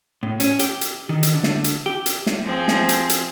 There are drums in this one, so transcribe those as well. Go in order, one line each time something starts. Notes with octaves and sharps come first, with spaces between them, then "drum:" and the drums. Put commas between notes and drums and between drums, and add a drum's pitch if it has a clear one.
A2
C#4, drum: hi-hat
G4, drum: hi-hat
drum: hi-hat
D#3
drum: hi-hat
D3
drum: snare
drum: hi-hat
G4
drum: hi-hat
drum: snare
F3 C4 G#4
drum: snare
drum: hi-hat
drum: hi-hat